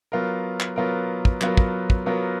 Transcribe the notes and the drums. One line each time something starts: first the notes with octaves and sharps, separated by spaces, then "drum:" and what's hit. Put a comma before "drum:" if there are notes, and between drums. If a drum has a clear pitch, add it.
F#3 B3 F4 A#4
drum: clap
F#3 B3 F4 A#4
drum: kick
F#3 B3 F4 A#4, drum: clap
drum: kick
drum: kick
F#3 B3 F4 A#4